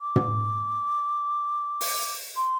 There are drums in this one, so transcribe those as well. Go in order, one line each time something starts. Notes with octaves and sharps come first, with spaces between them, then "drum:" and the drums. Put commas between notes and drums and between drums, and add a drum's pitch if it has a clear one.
D6
drum: tom
drum: open hi-hat
C6